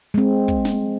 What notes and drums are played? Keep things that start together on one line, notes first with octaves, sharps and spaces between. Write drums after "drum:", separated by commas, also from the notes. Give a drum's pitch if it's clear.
G#3 C4
drum: kick
drum: snare